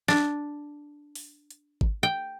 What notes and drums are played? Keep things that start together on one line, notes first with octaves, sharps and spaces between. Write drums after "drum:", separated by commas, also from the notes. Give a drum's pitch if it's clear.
D4, drum: snare
drum: open hi-hat
drum: hi-hat
drum: kick G#1
G5